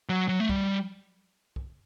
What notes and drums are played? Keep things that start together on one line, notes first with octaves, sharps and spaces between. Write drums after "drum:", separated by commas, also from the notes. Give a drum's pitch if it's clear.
F#3
F#3
A3
G3, drum: kick B1
drum: kick B1